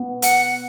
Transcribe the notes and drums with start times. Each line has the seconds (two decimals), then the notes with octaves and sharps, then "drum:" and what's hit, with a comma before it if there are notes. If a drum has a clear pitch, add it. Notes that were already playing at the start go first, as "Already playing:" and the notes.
Already playing: B3
0.22 F#5, drum: hi-hat